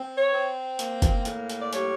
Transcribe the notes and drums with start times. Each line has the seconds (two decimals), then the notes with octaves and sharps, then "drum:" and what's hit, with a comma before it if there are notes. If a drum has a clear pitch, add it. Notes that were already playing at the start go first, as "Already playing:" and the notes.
Already playing: C4
0.16 C#5
0.32 C4
0.79 A#3, drum: hi-hat
1.02 drum: kick, hi-hat
1.25 A2, drum: hi-hat
1.50 drum: hi-hat
1.60 D5
1.73 G3 C#5, drum: hi-hat